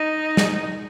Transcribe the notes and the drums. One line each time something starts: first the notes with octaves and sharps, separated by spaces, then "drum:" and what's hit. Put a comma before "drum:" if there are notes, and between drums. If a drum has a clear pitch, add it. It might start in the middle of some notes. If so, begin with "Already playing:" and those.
Already playing: D#4
drum: snare